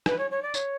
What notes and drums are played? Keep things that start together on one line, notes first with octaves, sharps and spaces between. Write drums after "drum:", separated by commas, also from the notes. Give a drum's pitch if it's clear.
B4, drum: rim click
C#5
C#5
D5
C#5, drum: tambourine